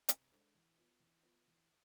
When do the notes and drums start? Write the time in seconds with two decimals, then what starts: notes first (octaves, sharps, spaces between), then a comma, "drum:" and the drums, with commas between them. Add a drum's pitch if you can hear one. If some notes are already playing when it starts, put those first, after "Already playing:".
0.09 C3, drum: hi-hat
0.31 G#3 D4 A4 C5
0.55 E3
0.77 B3 F4 B4
1.00 E3
1.23 B3 F4 B4
1.47 E3